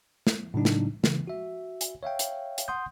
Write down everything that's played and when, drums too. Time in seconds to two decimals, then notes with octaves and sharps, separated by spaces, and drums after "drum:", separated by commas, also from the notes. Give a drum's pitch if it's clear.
0.27 drum: snare
0.54 A2 C#3 F#3 D4 D#4
0.65 drum: snare
1.04 C#3 E3, drum: snare
1.27 F#4 E5
1.81 drum: hi-hat
2.03 C#5 E5 F5 G5
2.19 drum: hi-hat
2.58 drum: hi-hat
2.68 F#5 C6 D#6 G6